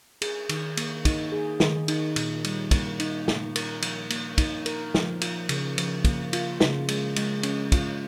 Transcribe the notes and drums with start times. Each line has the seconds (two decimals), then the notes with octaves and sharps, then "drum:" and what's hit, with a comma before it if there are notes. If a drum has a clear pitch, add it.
0.22 G#4, drum: cymbal
0.49 D#3, drum: cymbal
0.77 A#3, drum: cymbal
1.05 D#4, drum: kick, cymbal
1.32 G#4
1.60 D#3, drum: snare
1.88 D#4, drum: cymbal
2.16 A#2, drum: cymbal
2.44 G3, drum: cymbal
2.71 A#3, drum: kick, cymbal
3.00 D#4, drum: cymbal
3.28 A#2, drum: snare
3.56 A#4, drum: cymbal
3.82 F3, drum: cymbal
4.10 A#3, drum: cymbal
4.38 D#4, drum: kick, cymbal
4.66 A#4, drum: cymbal
4.94 F3, drum: snare
5.22 F4, drum: cymbal
5.49 C#3, drum: cymbal
5.78 F3, drum: cymbal
6.05 A#3, drum: kick, cymbal
6.33 F4, drum: cymbal
6.60 C#3, drum: snare
6.89 G#3, drum: cymbal
7.16 G#3, drum: cymbal
7.43 C#4, drum: cymbal
7.72 F4, drum: kick, cymbal